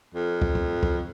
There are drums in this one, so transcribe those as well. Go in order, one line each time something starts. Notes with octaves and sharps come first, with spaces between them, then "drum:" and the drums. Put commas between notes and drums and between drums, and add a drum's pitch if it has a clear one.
F2
drum: kick
drum: kick
drum: kick